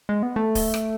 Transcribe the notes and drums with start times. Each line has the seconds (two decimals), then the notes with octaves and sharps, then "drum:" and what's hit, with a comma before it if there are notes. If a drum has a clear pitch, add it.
0.09 G#3
0.23 B3
0.36 A3
0.55 drum: kick D1, open hi-hat
0.74 drum: rim click